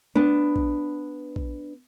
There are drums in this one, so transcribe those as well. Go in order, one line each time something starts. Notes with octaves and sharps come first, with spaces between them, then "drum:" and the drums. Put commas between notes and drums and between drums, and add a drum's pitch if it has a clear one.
B3 D4
drum: kick A#1
drum: kick A#1